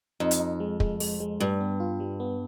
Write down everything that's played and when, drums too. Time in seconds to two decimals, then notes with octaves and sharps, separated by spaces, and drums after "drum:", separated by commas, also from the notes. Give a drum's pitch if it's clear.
0.20 F2 D#4
0.31 drum: hi-hat
0.40 D#4
0.60 G#3
0.80 G#3, drum: kick
1.00 G#3, drum: open hi-hat
1.20 G#3
1.40 G2 G3
1.61 B3
1.80 F4
2.00 G3
2.20 B3